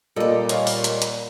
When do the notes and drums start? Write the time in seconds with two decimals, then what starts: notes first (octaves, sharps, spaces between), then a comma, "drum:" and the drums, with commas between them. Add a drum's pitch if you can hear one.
0.16 A#2 G3 A#3 A4 D#5
0.49 C#5 D#5 F5, drum: hi-hat
0.67 drum: open hi-hat
0.84 drum: hi-hat
1.02 drum: hi-hat